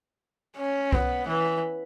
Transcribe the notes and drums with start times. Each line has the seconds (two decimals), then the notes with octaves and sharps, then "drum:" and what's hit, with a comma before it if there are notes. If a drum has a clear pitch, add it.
0.57 C#4
0.92 B3, drum: kick C2
1.28 E3